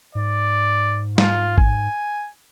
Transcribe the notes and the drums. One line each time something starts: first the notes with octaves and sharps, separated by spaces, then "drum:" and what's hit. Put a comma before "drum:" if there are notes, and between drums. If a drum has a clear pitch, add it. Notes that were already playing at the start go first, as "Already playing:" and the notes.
G#2 D5
F4, drum: snare
G#5, drum: kick